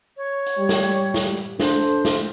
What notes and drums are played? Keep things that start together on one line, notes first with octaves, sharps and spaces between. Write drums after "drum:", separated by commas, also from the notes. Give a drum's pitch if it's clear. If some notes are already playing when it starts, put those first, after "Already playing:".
C#5
drum: hi-hat
G3
drum: snare
drum: hi-hat
drum: snare
drum: hi-hat
D4 A4 C5, drum: snare
drum: hi-hat
drum: snare